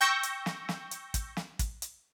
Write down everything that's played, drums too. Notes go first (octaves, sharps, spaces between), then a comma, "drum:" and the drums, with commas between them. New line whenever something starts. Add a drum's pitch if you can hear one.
G5 C#6 E6 G6 A#6
drum: hi-hat
drum: snare
drum: snare
drum: hi-hat
drum: kick, hi-hat
drum: snare
drum: kick, hi-hat
drum: hi-hat